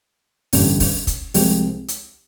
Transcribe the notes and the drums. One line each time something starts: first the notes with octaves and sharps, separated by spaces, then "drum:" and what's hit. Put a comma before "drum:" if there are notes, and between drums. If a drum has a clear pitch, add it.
A1 G2 D3 G3, drum: open hi-hat
drum: kick, open hi-hat
drum: kick, hi-hat
C2 C3 F3 G#3 C4, drum: open hi-hat
drum: hi-hat